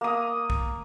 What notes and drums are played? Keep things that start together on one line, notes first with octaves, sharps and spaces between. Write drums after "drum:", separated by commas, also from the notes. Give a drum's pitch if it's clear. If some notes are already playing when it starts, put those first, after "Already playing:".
A#3 D#6
drum: kick B1